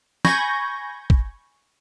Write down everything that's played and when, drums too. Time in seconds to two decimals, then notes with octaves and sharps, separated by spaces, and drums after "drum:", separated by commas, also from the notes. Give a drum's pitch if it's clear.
0.25 G#5 B5 C#6 G6 G#6 A#6, drum: snare
1.10 drum: kick